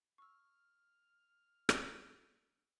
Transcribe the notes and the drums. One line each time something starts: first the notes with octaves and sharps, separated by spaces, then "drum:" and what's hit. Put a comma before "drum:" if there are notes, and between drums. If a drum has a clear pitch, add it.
C#6 E6 F6
drum: rim click